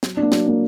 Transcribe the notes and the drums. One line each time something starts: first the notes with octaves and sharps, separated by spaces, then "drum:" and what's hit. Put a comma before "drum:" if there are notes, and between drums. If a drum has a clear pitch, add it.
F#3, drum: snare
D4
A#3
F#3, drum: snare
A#3 D4